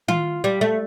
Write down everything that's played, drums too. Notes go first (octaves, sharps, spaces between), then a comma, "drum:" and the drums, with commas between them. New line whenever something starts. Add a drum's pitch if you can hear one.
F4, drum: tom D#3
G3
A3